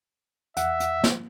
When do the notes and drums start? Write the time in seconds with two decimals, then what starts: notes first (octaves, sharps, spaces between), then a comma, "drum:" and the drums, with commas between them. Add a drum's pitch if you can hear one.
0.57 E2 E5 F#5, drum: hi-hat
0.80 drum: hi-hat
1.04 drum: snare